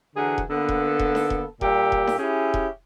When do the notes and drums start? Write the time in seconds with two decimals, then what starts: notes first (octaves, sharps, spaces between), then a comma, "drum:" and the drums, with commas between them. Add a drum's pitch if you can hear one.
0.16 D3 E3 F#4 G#4 A#4
0.38 drum: kick E1
0.49 D3 A#3 B3 A4 B4
0.69 drum: kick E1
0.99 drum: kick E1
1.15 drum: snare D#4
1.30 drum: kick E1
1.61 A#2 G3 A#3 G4 E5, drum: kick E1
1.92 drum: kick E1
2.07 drum: snare D#4
2.18 C#4 E4 G4 G#4
2.54 drum: kick E1